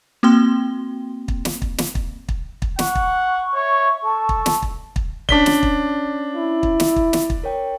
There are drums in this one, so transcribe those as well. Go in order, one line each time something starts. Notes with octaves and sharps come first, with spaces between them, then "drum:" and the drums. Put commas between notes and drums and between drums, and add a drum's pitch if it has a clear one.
A#3 C4 F#4 G5 C6 G7
drum: kick
drum: snare
drum: kick
drum: snare
drum: kick
drum: kick
drum: kick
F#5 C#6, drum: snare
drum: kick
C#5 E5
A4 A5
drum: kick
drum: snare
drum: kick
drum: kick
C#4 D4 C#5 D5 B6 G7, drum: kick
drum: snare
drum: kick
E4
drum: kick
drum: snare
drum: kick
drum: snare
drum: kick
A#4 C#5 G5